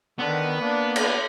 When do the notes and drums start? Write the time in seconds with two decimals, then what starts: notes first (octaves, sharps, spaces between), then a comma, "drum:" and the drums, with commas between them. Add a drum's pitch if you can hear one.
0.19 D3 D#3 B3
0.61 A#3 D4
0.96 drum: cymbal